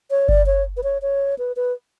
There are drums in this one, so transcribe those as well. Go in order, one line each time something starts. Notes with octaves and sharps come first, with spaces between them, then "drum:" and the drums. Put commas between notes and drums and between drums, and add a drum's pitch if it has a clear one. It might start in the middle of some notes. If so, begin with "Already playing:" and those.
C#5
D5, drum: kick G1
C#5
B4
C#5
C#5
B4
B4